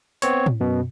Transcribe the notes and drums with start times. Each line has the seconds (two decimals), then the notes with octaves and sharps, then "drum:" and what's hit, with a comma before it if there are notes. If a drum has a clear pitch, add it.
0.22 B3 C4 C#5, drum: hi-hat
0.46 drum: tom
0.60 F#2 B2